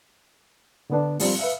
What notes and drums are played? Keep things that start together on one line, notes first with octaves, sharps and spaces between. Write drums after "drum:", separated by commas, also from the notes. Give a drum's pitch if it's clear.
D3 B3 D4
F3 G3 C4 F4, drum: open hi-hat
B4 E5 F5